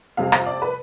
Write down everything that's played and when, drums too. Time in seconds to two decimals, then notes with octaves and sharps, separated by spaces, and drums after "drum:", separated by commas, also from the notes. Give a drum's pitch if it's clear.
0.17 F2 C3 G3 C4 F5
0.32 F5, drum: rim click
0.46 D5
0.62 B4